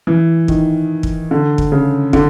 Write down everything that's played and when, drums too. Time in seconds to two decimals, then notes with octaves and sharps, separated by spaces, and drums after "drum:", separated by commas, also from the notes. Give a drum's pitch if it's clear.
0.07 E3
0.48 D#3, drum: kick
1.03 drum: kick
1.31 D3
1.58 drum: kick
1.72 C#3
2.13 D3, drum: kick